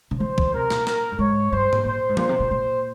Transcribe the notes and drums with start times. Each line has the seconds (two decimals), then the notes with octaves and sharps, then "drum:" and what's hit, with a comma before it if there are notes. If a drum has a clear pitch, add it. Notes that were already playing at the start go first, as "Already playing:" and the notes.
0.11 C#3
0.20 E3 C5
0.38 E3, drum: kick
0.54 C3 A#4
0.70 A#2, drum: snare
0.87 A#4, drum: snare
1.11 G2
1.19 G#2 C#5
1.51 G2 C5
1.73 drum: tom G#2
1.85 A#2 C5
2.09 G#2
2.17 A#2 C5, drum: tom F3
2.29 C3
2.40 A#2
2.50 A#2 C5